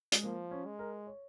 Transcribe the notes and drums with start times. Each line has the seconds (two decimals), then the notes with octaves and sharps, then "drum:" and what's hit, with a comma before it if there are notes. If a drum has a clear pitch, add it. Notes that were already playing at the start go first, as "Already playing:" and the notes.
0.12 G#3, drum: hi-hat
0.24 F3 A#3
0.51 C#4
0.66 G#3
0.79 A#4
1.07 C#5